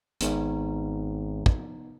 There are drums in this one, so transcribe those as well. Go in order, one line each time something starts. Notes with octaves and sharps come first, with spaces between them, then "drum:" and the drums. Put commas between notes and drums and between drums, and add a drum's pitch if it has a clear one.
G#1 B3 D#4, drum: hi-hat
drum: kick